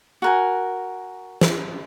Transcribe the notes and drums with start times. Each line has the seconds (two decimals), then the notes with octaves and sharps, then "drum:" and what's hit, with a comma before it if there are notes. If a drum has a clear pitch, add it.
0.22 F#4 A#4 G#5
1.41 drum: snare